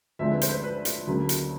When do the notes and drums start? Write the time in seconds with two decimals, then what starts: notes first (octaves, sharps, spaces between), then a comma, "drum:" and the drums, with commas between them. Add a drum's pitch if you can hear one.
0.19 D2 D3 F3 G#3 C4 E5
0.31 B4
0.41 C5, drum: hi-hat
0.48 B4
0.52 C5
0.63 B4
0.85 drum: hi-hat
1.07 D2 C#3 F#3 A#3 C#4
1.29 drum: hi-hat